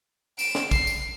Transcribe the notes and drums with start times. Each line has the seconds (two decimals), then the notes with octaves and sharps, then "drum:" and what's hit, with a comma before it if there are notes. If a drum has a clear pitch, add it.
0.39 D7 E7, drum: tambourine
0.55 drum: snare
0.71 C7, drum: kick, tambourine
0.87 drum: tambourine